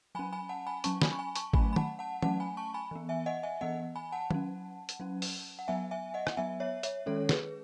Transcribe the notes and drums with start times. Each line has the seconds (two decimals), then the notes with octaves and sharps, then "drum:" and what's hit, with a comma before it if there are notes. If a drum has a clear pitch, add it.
0.15 F#3 C#4 G#5 B5
0.33 G#5 B5
0.49 F#5 A5
0.67 G#5 B5
0.84 F#3 C#4 A5 C#6, drum: hi-hat
1.02 G#5 B5, drum: snare
1.12 C#6
1.19 G#5 B5
1.36 A5 C#6, drum: hi-hat
1.53 F#3 A3 C#4 G#5 B5, drum: kick G#1
1.73 B5
1.76 F#5 A5, drum: tom
1.99 F#5 A5
2.22 F#3 A3 C#4 F#5 A5, drum: tom
2.40 G#5 B5
2.57 A5 C#6
2.74 G#5 B5
2.91 E3 B3
3.09 E5 G#5
3.26 D#5 F#5
3.43 E5 G#5
3.61 E3 B3 D#5 F#5
3.96 G#5 B5
4.12 F#5 A5
4.31 F#3 C#4, drum: tom
4.89 drum: hi-hat
5.00 F#3 C#4
5.22 drum: open hi-hat
5.59 F#5
5.68 F#3 B3 E5 G#5
5.91 E5 G#5
6.14 D#5 F#5
6.27 drum: rim click
6.37 F#3 B3 E5 G#5
6.60 C#5 E5
6.83 C#5 E5, drum: hi-hat
7.06 D#3 G#3 C#4 A4 C#5
7.29 G#4 B4, drum: snare